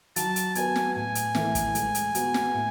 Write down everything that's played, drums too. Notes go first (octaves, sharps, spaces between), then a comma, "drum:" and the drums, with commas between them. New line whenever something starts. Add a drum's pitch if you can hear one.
F#3 A5, drum: hi-hat
drum: hi-hat
B3 F#4 B4 G#5, drum: hi-hat
drum: snare
A2 G#5
drum: hi-hat
E3 A3 E4 A4, drum: snare
drum: kick, hi-hat
G#3, drum: hi-hat
drum: hi-hat
B3 F#4, drum: hi-hat
drum: snare
A2